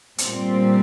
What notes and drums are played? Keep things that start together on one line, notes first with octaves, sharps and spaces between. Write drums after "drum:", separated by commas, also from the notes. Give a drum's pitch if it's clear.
A#2 G3 C4, drum: hi-hat